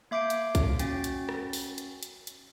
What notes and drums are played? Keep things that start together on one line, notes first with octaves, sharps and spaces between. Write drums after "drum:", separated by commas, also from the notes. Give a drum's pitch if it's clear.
A#3 E5 D6 G6 C7 D7
drum: hi-hat
drum: kick, hi-hat
C#4 F#4 G5 A6, drum: hi-hat
drum: hi-hat
drum: rim click
drum: open hi-hat
drum: hi-hat
drum: hi-hat
drum: hi-hat